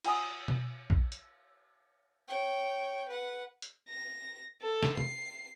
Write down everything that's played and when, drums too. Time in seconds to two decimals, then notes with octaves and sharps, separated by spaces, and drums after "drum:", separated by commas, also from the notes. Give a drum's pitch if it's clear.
0.04 F4 F#5 G#5 D#6, drum: cymbal
0.48 drum: tom B2
0.90 drum: kick A#1
1.12 drum: hi-hat
2.28 C#5 G5
3.08 B4 F#5
3.62 drum: hi-hat
3.89 A#6
4.62 A4
4.83 drum: snare
4.97 C7, drum: tom